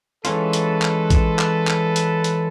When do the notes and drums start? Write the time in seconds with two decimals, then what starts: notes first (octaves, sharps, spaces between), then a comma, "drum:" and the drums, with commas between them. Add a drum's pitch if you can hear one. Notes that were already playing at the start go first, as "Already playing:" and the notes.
0.25 E3 G#3 C#4 F4 A4 B4, drum: hi-hat
0.53 drum: hi-hat
0.82 drum: clap
1.10 drum: kick, hi-hat
1.39 drum: clap
1.67 drum: clap
1.96 drum: hi-hat
2.24 drum: hi-hat